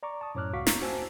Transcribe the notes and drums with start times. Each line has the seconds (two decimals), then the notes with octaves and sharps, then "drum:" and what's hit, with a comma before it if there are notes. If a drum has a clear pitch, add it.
0.03 D5 A#5 C#6 D6
0.21 A5 D#6
0.35 F#2 A2 C#5 D6 F6 F#6
0.53 C#2 F#4 F5 C#6 D6 B6
0.67 A#5, drum: snare
0.81 F#4 C5 G#5 A5 E6